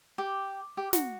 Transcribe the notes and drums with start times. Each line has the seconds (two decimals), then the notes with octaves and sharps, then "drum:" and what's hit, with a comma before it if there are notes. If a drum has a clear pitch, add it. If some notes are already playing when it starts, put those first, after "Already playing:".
0.18 G4
0.77 G4
0.93 F#4, drum: snare